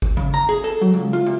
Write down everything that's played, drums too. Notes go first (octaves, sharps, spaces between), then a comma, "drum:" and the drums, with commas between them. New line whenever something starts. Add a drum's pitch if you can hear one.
drum: kick G1
C#3
A#5
G#4
A4
F#3
C#2
F4
C3